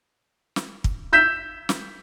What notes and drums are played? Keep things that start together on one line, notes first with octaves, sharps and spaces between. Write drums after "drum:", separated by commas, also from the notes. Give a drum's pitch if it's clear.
drum: snare
drum: kick
E6 G6 B6 E7
drum: snare